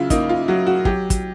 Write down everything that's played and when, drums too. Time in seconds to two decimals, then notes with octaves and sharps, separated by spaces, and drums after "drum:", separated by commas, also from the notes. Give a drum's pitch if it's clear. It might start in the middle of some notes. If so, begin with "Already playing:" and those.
Already playing: C#3 F#3 E4 F4
0.10 A#3 D#4, drum: kick, hi-hat
0.29 F4
0.48 F#3 F#4
0.67 F#4
0.85 F#3 G4, drum: kick
1.10 drum: kick, hi-hat